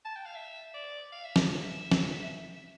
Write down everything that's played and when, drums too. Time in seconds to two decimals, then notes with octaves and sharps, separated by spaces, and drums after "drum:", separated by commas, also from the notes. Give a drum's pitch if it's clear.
0.05 A5
0.16 G5
0.26 F5
0.35 E5
0.74 D5
1.12 F5
1.24 E5
1.36 D5, drum: snare
1.49 E5
1.91 drum: snare
2.56 E5